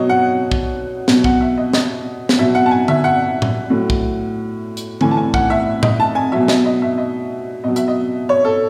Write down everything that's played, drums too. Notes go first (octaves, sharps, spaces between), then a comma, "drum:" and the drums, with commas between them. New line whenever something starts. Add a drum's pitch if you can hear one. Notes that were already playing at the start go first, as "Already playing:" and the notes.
Already playing: B2 F#3 C#5 D#5
F#5
drum: kick
B2 F#3, drum: snare
F#5, drum: kick
E5
D#5
D#5, drum: snare
drum: snare
B2 F#3 E5
F#5
A5
G#5
E5, drum: tom D3
F#5
drum: tom A2
A2 F#3
drum: kick
drum: hi-hat
A2 E3 G#5, drum: tom D3
A5
G#5
F#5, drum: kick
E5
D#5, drum: tom A2
A5
G#5
B2 F#3 E5
D#5, drum: snare
D#5
E5
D#5
B2 F#3 D#5
E5, drum: hi-hat
D#5
C#5
A4